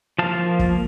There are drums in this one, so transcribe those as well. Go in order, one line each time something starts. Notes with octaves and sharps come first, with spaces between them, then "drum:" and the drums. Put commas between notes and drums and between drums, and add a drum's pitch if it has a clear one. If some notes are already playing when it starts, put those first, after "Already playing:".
F3 A#3 F5 A5
drum: kick